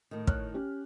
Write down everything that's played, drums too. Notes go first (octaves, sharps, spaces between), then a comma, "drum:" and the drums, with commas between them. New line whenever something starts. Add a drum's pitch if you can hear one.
A2 D#3
C#5 F6 F#6, drum: kick
C#4 G4